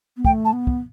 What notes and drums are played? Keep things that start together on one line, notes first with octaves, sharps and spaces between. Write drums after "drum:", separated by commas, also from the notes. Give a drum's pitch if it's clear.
B3
A3 G5, drum: kick
A5
B3
drum: kick